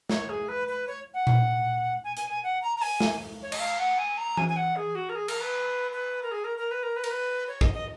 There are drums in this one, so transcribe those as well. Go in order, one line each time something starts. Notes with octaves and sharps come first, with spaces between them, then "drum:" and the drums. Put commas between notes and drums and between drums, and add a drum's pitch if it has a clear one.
C#5, drum: snare
G#4
B4
B4
C#5
F#5
drum: tom A#2
G#5
G#5, drum: hi-hat
G#5
F#5
A#5
A#5
G#5, drum: open hi-hat
drum: snare
C#5
D#5, drum: cymbal
F5
F#5
G#5
A#5
G#5, drum: tom E3
G#5
F#5
G#4
F#4
A#4
G#4
A#4, drum: cymbal
B4
B4
A#4
G#4
A#4
A#4
B4
A#4
B4
A#4, drum: cymbal
B4
C#5
D#5, drum: kick
D#5